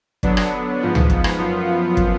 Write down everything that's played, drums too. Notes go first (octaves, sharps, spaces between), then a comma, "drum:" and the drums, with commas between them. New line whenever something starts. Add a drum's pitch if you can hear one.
D3 F#3 B3 D4, drum: kick
drum: rim click
G#2 F3 B3
drum: tom C#2
drum: kick
drum: rim click
F#2 F3 B3 F4
drum: kick